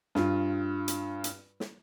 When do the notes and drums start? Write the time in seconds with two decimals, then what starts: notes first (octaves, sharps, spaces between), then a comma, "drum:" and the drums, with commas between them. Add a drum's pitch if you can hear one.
0.15 G2 F4, drum: snare
0.88 drum: hi-hat
1.24 drum: hi-hat
1.60 drum: snare